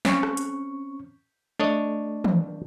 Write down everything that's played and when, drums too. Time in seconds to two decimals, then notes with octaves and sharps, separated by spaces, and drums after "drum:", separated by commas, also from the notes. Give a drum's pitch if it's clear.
0.05 C4 C#4 C#6, drum: snare
0.23 drum: rim click
0.37 drum: hi-hat
1.60 A3 D4 C#5 D#5
2.24 drum: tom